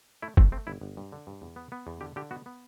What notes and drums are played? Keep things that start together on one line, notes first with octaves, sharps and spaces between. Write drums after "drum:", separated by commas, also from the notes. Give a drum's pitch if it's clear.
A3 E4
A3 C4, drum: kick
A3 C4
G1 E4
G1
G2
D3
G2
E2
B3
B3
E2
D3 G4
D3 G4
B3 F#4
B3